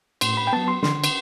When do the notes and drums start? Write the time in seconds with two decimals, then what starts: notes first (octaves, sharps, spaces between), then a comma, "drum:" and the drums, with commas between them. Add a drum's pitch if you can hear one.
0.21 A2 C6, drum: cymbal
0.37 B5
0.47 G5
0.53 F#3 B3 A5
0.68 C6
0.83 D3 C6, drum: snare
1.04 drum: cymbal